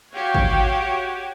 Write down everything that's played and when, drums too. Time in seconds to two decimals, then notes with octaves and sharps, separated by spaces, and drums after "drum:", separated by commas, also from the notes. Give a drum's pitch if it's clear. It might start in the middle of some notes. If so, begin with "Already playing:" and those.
0.13 F#4 G4 C#5 F5 G5
0.35 drum: kick